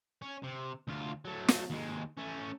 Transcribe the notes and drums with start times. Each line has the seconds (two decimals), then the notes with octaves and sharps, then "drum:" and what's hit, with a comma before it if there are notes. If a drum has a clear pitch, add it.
0.22 C#4
0.44 C3
0.88 D2 F4
1.25 F#3 A3
1.48 drum: snare
1.70 D#2 G#3
2.18 A3 C#4